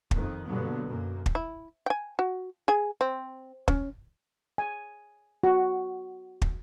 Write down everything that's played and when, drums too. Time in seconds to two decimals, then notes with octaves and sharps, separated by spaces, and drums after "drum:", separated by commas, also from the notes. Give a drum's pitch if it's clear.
0.11 F2 D#3, drum: kick
0.46 G2 B2 D3 F#3 A#3 B3
0.85 F#2 B2 A#3
1.26 drum: kick
1.35 E4
1.86 G5 G#5
2.19 F#4
2.68 G#4 G#5
3.01 C4
3.68 C#4, drum: kick
4.58 G#5
5.44 F#4
6.42 drum: kick